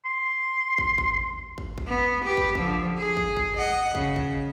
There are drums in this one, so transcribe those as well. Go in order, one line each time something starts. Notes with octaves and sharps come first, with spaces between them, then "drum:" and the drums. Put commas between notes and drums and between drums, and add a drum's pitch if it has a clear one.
C6
drum: kick
drum: kick
drum: kick
drum: kick
B3
G4 B4
drum: kick
D3 F3, drum: kick
G#4
drum: kick
drum: kick
D#5 F#5
C#3, drum: kick
drum: kick